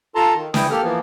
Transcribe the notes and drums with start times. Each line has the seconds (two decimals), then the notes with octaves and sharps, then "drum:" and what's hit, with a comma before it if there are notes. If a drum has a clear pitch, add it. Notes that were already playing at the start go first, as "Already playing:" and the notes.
0.15 F4 A4 A5 A#5 C6
0.35 D#3
0.54 E3 E4 G5 D#6, drum: snare
0.71 A#3 G4 A4 F6
0.82 E3 F3 A#3 B3